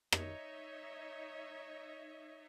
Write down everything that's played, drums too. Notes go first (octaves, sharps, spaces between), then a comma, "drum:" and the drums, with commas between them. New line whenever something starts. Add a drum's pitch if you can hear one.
D#4 C#5 D#5 E5, drum: rim click